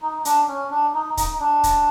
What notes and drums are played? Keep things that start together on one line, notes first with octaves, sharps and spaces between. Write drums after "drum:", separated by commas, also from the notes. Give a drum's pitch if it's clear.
D#4
D4, drum: hi-hat
C#4
D4
D#4
D#4, drum: kick, hi-hat
D4
drum: kick, hi-hat